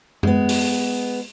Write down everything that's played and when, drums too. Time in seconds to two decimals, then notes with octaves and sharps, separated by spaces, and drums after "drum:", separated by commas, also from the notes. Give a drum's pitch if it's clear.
0.23 G#3 B3, drum: tom F#2
0.49 drum: open hi-hat